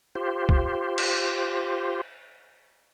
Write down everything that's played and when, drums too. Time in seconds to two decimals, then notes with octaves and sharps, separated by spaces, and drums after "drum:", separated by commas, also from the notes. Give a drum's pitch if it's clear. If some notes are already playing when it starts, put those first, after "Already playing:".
0.15 F4 G4 C5
0.49 drum: kick
0.98 drum: cymbal